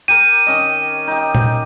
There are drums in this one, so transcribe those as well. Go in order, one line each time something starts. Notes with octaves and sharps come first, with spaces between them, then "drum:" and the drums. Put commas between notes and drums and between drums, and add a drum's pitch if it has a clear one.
G4 A#4 D#7
D#3 C#4 D#5
D#4 G4
drum: tom A#2